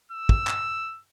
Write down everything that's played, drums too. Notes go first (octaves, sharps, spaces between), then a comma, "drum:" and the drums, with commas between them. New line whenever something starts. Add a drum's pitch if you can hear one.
E6
drum: kick
drum: clap